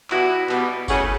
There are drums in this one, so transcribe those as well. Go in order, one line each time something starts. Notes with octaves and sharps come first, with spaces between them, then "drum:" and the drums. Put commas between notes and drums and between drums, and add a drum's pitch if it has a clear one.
B2 G3 B3 E4 F#4, drum: clap
B2 G3 B3, drum: clap
C#3 E3 A3 C#4 F#4 G#4, drum: kick G1, tambourine